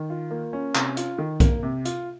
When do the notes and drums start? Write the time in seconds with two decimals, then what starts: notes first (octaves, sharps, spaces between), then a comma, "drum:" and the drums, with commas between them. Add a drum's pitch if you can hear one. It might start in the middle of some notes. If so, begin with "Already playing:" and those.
Already playing: D#3
0.10 F4
0.31 A#3
0.53 C#4
0.75 C3, drum: clap
0.97 F4, drum: hi-hat
1.18 D#3
1.40 A#3, drum: kick B1, hi-hat
1.63 C3
1.85 F4, drum: hi-hat